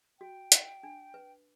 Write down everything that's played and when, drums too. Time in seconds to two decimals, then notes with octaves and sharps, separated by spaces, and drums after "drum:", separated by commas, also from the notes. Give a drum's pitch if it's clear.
0.20 F#4 G5
0.52 F#5, drum: hi-hat
0.83 D4
1.14 B4